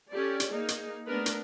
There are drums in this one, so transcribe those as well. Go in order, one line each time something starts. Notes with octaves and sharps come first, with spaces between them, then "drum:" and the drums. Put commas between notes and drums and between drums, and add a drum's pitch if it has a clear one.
C#4 G4 A4 D5
drum: hi-hat
A#3 D#4 G#4
drum: hi-hat
A3 B3 D4 A#4 B4
drum: hi-hat